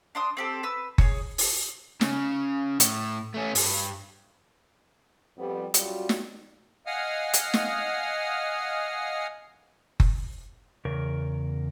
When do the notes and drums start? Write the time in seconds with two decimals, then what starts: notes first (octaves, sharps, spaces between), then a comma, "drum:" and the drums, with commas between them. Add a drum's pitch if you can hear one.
0.15 D4 C6 D#6
0.37 C4 G4 A4
0.63 B4 E6
0.98 G#4 C#5, drum: kick F#1
1.38 drum: open hi-hat
2.01 C#3, drum: snare
2.80 A2, drum: hi-hat
3.34 A3 C#4
3.55 G2, drum: open hi-hat
5.38 F2 G3 B3
5.74 F#2 G3 F4 F#4, drum: hi-hat
6.09 drum: snare
6.86 D#5 F5 F#5 G#5 D#6 F6
7.34 drum: hi-hat
7.54 drum: snare
10.00 drum: kick F#1
10.85 E2 C#3 A#4